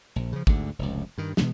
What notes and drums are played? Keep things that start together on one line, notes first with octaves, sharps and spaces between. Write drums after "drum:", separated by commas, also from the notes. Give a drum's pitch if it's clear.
A#1
C#3 F3
D2 G#2 D3, drum: kick
F1 C#2
G2 D#3
B2 E3 G#3 B3, drum: snare